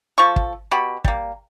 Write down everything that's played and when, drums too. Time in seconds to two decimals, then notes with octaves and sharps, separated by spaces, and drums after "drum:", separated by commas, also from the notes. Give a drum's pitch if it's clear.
0.18 F3 A4 C#6
0.36 drum: kick
0.71 B2 F#4 G4 B5
1.04 G3 A#3, drum: kick